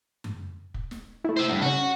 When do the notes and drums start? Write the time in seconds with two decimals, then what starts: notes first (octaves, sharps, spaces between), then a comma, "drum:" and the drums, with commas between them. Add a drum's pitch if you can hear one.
0.24 drum: tom F#2
0.74 drum: kick
0.91 drum: snare
1.24 A3 E4
1.37 C5 E5
1.48 D2 G2
1.62 C#3 C#4 F#4